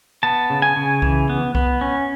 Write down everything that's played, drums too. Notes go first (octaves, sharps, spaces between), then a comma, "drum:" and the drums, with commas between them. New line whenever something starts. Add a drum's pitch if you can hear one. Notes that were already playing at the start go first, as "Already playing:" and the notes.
B3 A5
C#3
G#5
C#3
E3, drum: kick C2
B3
B3, drum: kick C2
C#4